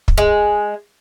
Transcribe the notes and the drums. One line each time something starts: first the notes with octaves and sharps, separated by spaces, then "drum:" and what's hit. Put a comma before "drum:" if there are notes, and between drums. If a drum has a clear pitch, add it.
drum: kick
G#3